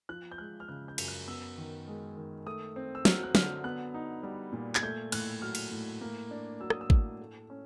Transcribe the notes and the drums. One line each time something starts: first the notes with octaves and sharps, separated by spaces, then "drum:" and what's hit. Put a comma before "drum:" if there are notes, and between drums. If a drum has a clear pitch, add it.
F3 F#6
G6
G#3 F#6
F6
C#3 F#6
G6
F#2, drum: cymbal
F#6
B3 E6
D#3
G#3
D#3
A3 D#6
C4
E6
F#3 F6, drum: snare
F#6
D3 F6, drum: snare
B3 F#6
D#4
G3
A#2
G#6, drum: clap
A3 G6
A2 F#6, drum: cymbal
F#3 F6
drum: cymbal
A2
A#3
D4
F#3 E6
D#6, drum: rim click
E6
A2, drum: kick G#1
A3
C#4